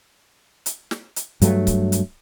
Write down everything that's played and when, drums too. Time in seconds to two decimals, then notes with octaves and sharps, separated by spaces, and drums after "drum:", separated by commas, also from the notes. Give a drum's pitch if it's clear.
0.66 drum: hi-hat
0.91 drum: snare
1.16 drum: hi-hat
1.42 G2 F#3 A3, drum: hi-hat
1.67 drum: kick C#1, hi-hat
1.92 drum: hi-hat